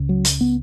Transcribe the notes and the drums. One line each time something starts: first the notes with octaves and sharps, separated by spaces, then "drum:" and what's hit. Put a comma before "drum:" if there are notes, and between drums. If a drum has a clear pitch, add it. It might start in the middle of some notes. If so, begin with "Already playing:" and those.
Already playing: C#2 C#3
F#3
drum: hi-hat
B3